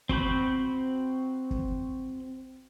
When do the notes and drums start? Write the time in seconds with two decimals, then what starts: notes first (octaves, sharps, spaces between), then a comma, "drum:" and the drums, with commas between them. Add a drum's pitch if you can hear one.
0.09 C4 F#4 B5 G6, drum: kick
1.51 drum: kick